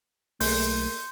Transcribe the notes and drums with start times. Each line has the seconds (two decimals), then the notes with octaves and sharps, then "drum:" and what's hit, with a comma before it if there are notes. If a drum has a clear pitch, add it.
0.40 B1 A3 A#3 G#4 A4 C6 G6, drum: open hi-hat